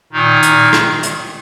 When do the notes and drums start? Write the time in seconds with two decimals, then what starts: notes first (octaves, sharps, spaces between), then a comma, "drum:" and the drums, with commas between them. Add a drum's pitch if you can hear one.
0.12 A#2 D#3 D#4
0.43 A#2, drum: hi-hat
0.73 drum: rim click
1.03 drum: hi-hat